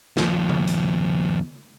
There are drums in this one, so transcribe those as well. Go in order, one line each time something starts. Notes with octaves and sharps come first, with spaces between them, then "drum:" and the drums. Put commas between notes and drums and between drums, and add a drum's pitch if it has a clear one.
D#2 F3, drum: snare
drum: tom C#3
drum: hi-hat